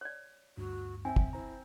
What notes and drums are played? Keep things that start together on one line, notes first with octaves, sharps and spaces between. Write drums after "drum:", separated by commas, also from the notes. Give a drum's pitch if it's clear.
C#5 D5
D2 G2 F#4
C4 E5 G#5
drum: kick
E4 C5 A#5